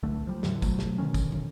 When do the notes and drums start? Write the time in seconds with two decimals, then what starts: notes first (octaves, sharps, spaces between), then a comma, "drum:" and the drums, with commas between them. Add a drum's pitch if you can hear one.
0.03 D1 C#2 D3 A3
0.27 F3 G3
0.43 E2 A2 D3 E3, drum: snare
0.62 B2 F3 F#3 A3, drum: kick, tambourine
0.79 drum: snare
0.98 B2 D3 D#3 C#4
1.14 drum: kick, tambourine
1.32 drum: tom